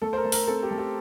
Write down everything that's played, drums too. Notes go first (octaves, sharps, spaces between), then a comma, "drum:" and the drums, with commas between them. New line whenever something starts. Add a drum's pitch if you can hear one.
A3 A4
C5
A#4
A3
A#4, drum: open hi-hat
C4 A4
G4
A3
G4